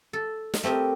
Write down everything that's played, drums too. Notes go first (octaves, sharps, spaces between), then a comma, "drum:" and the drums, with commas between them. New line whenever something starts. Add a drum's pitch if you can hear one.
A4
drum: snare
A3 C4 G4 A#4 D#5